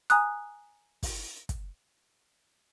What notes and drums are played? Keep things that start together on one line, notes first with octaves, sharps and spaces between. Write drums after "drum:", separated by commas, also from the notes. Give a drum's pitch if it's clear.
G#5 A#5 D#6 F#6, drum: hi-hat
drum: kick, open hi-hat
drum: kick, hi-hat